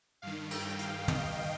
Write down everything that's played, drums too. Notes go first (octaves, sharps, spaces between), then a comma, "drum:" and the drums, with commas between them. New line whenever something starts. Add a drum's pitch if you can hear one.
G2 D#3 F5
G5, drum: cymbal
F5, drum: hi-hat
D#5, drum: tom